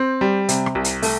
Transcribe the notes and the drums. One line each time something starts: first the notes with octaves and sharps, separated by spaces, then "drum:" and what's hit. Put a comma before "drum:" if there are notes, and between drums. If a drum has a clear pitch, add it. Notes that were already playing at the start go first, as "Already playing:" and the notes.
Already playing: C4
G3
C3, drum: hi-hat
drum: rim click
C2
drum: hi-hat
A3, drum: open hi-hat